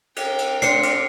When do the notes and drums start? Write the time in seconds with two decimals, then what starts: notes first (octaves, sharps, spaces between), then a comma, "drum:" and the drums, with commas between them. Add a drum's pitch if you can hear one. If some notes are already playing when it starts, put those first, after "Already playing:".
0.16 A#4 G5, drum: cymbal
0.39 drum: cymbal
0.62 D4 C5 C7 C#7, drum: cymbal
0.83 drum: cymbal